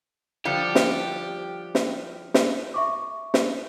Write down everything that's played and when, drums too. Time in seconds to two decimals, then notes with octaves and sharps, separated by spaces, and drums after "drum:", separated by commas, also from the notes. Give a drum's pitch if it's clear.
0.45 D3 F3 G3 G4
0.75 drum: snare
1.75 drum: snare
2.34 drum: snare
2.74 E5 C#6 D6
3.34 drum: snare